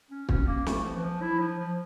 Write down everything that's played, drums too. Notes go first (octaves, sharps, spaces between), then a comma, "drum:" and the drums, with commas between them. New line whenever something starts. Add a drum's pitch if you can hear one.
C#4
C#4, drum: kick
A#3
A3, drum: snare
F3
E3
F3
E4
F3
F3